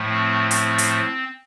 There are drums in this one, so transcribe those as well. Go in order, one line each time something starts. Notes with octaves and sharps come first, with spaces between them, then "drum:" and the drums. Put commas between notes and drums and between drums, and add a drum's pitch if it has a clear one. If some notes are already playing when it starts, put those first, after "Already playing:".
Already playing: A2 F3 A3
C4
C4, drum: hi-hat
drum: hi-hat